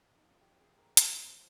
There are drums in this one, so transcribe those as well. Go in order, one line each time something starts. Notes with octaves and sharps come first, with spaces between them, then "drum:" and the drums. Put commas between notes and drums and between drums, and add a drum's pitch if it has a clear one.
D#4
F2 F4
G4
F2 G#4
A#4
C#3 C5, drum: hi-hat
C5